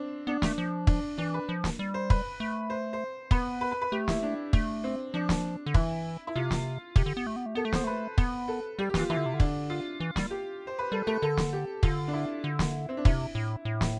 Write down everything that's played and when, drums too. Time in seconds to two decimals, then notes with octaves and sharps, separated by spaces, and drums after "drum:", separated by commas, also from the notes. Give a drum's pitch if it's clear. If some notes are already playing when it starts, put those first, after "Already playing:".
Already playing: C4 D4
0.27 B3 D4
0.42 A3, drum: snare
0.58 F3
0.87 D4, drum: kick
1.18 E3 D4
1.34 B4
1.49 F3
1.64 drum: snare
1.79 G3
1.94 C5
2.10 B4, drum: kick
2.40 A3
2.70 C5
2.93 C5
3.31 B3 B4, drum: kick
3.61 B4
3.71 B4
3.82 B4
3.92 A3 G4
4.08 E4, drum: snare
4.23 D4
4.53 A3, drum: kick
4.84 C4
5.14 F3 D4
5.29 drum: snare
5.66 D3
5.74 E3 E4, drum: kick
6.27 E4
6.35 C3 F4
6.51 drum: snare
6.96 C3 G4, drum: kick
7.06 D3
7.17 B3
7.27 A3
7.36 B3
7.46 A3
7.55 B3 A4
7.65 A3
7.72 B3 C5, drum: snare
7.84 A3 B4
8.18 B3, drum: kick
8.48 A4
8.79 G3 G4
8.90 G4
8.94 E3, drum: snare
8.99 F4
9.10 E3 E4
9.17 D3
9.26 C3
9.34 D3
9.40 D4, drum: kick
9.70 F4
10.00 E3
10.16 G3, drum: snare
10.30 G4
10.67 C5
10.79 B4
10.92 G3 A4
11.07 A3 A4
11.22 D3 A4
11.37 drum: snare
11.53 G4
11.83 D3 F4, drum: kick
12.08 D4
12.13 E4
12.44 D3
12.59 drum: snare
12.89 C4
12.97 D4
13.05 C3 E4, drum: kick
13.35 A2
13.65 A2
13.81 drum: snare